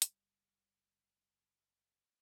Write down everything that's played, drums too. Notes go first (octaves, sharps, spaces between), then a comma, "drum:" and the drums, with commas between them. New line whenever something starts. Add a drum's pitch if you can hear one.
F#1 G3, drum: hi-hat